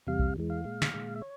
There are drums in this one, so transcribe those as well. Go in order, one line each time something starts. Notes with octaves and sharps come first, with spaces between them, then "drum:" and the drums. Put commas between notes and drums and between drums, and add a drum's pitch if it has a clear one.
E2 C3 G3 F5
drum: kick B1
E2 E3 G#3
F5
A#2 G#3
drum: snare
A#2 G#3
E5
C#5